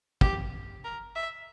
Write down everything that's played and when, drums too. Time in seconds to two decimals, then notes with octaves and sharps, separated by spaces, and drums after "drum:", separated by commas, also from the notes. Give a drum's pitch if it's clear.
0.21 G4, drum: kick
0.84 A#4
1.15 E5